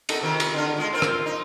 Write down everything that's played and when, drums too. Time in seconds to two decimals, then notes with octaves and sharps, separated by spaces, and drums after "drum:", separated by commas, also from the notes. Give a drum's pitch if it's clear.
0.09 D#4 F#4 A4, drum: cymbal
0.22 C3 D#3 F4
0.40 drum: cymbal
0.54 D3 F4
0.76 B2 G#3 F4
0.93 C4 F4 A#4
1.02 drum: rim click
1.26 D#4